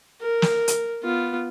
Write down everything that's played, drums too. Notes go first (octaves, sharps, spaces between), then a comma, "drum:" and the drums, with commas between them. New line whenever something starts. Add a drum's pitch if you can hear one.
A#4
drum: snare
drum: hi-hat
B3 F4